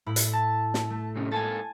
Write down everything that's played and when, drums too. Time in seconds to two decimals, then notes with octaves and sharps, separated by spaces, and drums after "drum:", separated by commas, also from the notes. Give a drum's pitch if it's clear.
0.06 A2 E4 B5
0.16 drum: hi-hat
0.34 A5
0.74 drum: snare
0.90 A3
1.16 A2 C3 C#4
1.31 G#2 A#3 A4 G#5 A5 A6